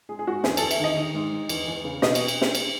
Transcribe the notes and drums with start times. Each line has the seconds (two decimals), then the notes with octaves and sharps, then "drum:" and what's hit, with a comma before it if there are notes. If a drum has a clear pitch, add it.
0.09 G#3 G#4
0.19 G#4
0.27 G#2 F#4
0.44 E2 G#4, drum: snare
0.57 A4, drum: cymbal
0.62 E2
0.71 E5, drum: cymbal
0.79 D#3 D#5
0.97 D#3
1.14 G#2
1.32 G#2
1.49 E2, drum: cymbal
1.67 E2
1.84 C#3
2.02 B2 D#5, drum: snare
2.15 drum: cymbal
2.28 drum: cymbal
2.41 drum: snare
2.55 drum: cymbal